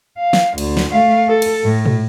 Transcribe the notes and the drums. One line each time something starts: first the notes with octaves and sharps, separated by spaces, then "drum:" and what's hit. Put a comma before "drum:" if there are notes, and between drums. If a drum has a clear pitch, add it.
F5
drum: snare
D2, drum: cymbal
drum: snare
A3 F5
A4
drum: cymbal
A2
drum: tom A#2